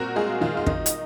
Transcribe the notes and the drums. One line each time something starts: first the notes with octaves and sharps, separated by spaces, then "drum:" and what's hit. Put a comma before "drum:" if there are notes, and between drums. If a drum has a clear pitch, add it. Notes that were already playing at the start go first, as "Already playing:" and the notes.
Already playing: A#2 C4 F#4 A#4
G#3 F4 G#4
D#3 F4
F4
D#3 D#4, drum: kick
drum: hi-hat